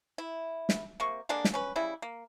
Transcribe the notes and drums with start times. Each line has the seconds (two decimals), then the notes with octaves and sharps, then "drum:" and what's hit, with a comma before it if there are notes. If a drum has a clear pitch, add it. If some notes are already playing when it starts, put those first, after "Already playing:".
0.18 E4
0.69 drum: snare
1.00 C3 A#3 C#6
1.29 D3 G#3 A#3 D4
1.45 drum: snare
1.54 C#4 B4
1.76 C#3 G3 E4
2.02 A#3